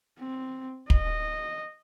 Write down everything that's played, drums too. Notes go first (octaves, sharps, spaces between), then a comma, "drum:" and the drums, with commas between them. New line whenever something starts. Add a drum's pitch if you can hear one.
C4
D#5, drum: kick